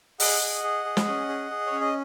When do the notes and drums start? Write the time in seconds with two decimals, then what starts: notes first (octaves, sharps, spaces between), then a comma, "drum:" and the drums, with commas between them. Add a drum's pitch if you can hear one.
0.20 G#4 D#5 F#5, drum: open hi-hat
0.42 G#4
0.64 G#4
0.85 G#4
0.97 drum: snare
1.08 C#4
1.29 G#4
1.51 G#4
1.67 C#5
1.72 C#4
1.81 D#5